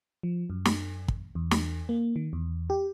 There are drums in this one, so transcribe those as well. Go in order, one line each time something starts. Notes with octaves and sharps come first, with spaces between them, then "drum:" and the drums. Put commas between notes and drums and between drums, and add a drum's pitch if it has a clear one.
F3
F#2
drum: snare
drum: kick
E2
drum: snare
A#3
D#3
E2
G4